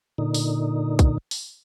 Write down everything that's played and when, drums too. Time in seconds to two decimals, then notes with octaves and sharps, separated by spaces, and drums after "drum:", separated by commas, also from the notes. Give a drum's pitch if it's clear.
0.18 A#2 D3 D#4
0.34 drum: open hi-hat
0.99 drum: kick, hi-hat
1.31 drum: open hi-hat